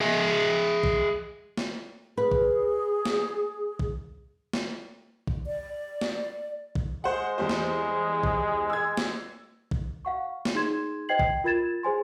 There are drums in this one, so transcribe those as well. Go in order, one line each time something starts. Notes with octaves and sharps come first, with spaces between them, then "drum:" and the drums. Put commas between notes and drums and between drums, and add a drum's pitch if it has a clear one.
G#4 D#5 E5
drum: kick
drum: snare
G#4 B4
drum: kick
drum: snare
drum: kick
drum: snare
drum: kick
D5
drum: snare
drum: kick
G#3 C5 F#5
E2 G3 C5
drum: snare
drum: kick
E6 G#6
drum: snare
drum: kick
F5 F#5 C#6
drum: snare
D#4 G#4 C6 G#6 E7
C5 D#5 G5 G#6 C7 F#7
drum: kick
F4 A#4 B5 G#6 A6 E7
G#4 C5 G#5 C6